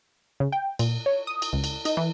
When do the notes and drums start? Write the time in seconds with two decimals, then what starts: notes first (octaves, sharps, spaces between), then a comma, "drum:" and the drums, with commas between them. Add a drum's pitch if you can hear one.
0.40 C#3
0.52 G5
0.79 A#2, drum: cymbal
1.06 C#5
1.27 D#6
1.42 drum: cymbal
1.53 C#2
1.64 drum: cymbal
1.85 D#4, drum: cymbal
1.97 E3